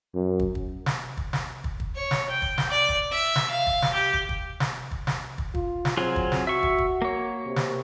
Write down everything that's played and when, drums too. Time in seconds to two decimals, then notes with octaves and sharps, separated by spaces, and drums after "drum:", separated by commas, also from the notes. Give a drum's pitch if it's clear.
0.15 F#2
0.39 drum: kick
0.55 drum: kick
0.86 drum: snare
1.17 drum: kick
1.33 drum: snare
1.64 drum: kick
1.80 drum: kick
1.95 C#5
2.11 drum: snare
2.30 G5
2.42 drum: kick
2.58 drum: snare
2.70 D5
2.89 drum: kick
3.11 E5
3.36 drum: snare
3.51 F5
3.67 drum: kick
3.82 drum: snare
3.93 G4
4.13 drum: kick
4.29 drum: kick
4.60 drum: snare
4.91 drum: kick
5.07 drum: snare
5.38 drum: kick
5.55 F4, drum: kick
5.85 drum: snare
5.97 F#3 C4 F4 G#4
6.16 drum: kick
6.32 drum: snare
6.47 F#4 E5 C#6
6.63 drum: kick
6.78 drum: kick
7.02 A#3 C#5
7.46 C3
7.56 drum: snare